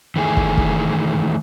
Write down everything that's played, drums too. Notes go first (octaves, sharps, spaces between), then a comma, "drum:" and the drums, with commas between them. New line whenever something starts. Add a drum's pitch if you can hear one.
D#3 E3 A3 G#4
drum: kick
drum: kick